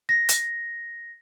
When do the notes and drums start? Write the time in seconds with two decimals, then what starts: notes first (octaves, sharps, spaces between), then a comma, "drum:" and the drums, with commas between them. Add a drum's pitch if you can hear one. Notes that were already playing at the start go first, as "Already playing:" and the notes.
0.09 A#6
0.29 drum: hi-hat